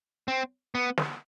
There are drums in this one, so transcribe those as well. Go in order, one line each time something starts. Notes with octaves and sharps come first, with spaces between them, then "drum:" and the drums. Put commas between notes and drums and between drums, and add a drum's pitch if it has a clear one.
C4
B3
drum: snare